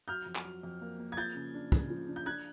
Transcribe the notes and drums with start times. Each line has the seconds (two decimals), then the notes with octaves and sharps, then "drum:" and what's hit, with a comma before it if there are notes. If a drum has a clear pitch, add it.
0.08 F#3 F6 G6
0.26 F2
0.35 drum: clap
0.45 F#3
0.63 F2
0.81 A#3
0.99 A#3
1.12 G#6
1.17 F3 G6 A6
1.35 C#3
1.54 D4
1.72 C#3, drum: kick
1.90 F3
2.08 D4
2.16 G6
2.26 D4 F#6 G#6